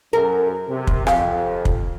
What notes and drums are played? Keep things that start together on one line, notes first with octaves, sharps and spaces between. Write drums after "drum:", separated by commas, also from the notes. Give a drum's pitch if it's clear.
F#2 A#4
C3
drum: kick
F2 G4 F5 G#5, drum: rim click
drum: kick